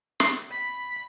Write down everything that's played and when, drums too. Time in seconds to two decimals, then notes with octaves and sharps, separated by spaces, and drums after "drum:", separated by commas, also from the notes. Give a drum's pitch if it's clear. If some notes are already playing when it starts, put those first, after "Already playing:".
0.20 C7, drum: snare
0.51 B5